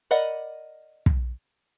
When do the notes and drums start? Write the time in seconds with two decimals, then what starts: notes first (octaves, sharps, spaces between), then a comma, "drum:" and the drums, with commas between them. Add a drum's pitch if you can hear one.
0.11 A#4 D5 D#5 F#5 B5
1.06 drum: kick